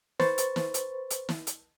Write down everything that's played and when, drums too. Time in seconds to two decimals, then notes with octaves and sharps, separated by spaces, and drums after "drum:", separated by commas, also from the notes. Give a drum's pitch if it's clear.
0.20 B4 C5 C#6 A6, drum: snare
0.38 drum: hi-hat
0.56 drum: snare
0.74 drum: hi-hat
1.10 drum: hi-hat
1.29 drum: snare
1.47 drum: hi-hat